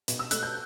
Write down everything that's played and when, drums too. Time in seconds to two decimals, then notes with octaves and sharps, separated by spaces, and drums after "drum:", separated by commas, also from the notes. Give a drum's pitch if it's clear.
0.08 B2, drum: hi-hat
0.19 E6
0.31 A3 F#6, drum: hi-hat
0.43 G6